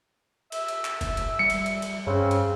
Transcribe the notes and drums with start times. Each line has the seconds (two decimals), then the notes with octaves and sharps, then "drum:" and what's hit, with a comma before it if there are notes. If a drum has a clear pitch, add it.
0.52 E5, drum: cymbal
0.68 drum: cymbal
0.85 drum: clap
1.01 drum: kick, cymbal
1.17 drum: cymbal
1.39 G3 C#7
1.50 drum: cymbal
1.66 drum: cymbal
1.82 drum: cymbal
2.07 G2 C#3 C4
2.31 drum: cymbal